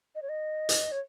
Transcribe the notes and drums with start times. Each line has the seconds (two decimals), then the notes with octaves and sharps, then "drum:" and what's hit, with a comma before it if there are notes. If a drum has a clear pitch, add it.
0.15 D#5
0.22 C#5
0.29 D#5
0.69 drum: hi-hat
0.92 C#5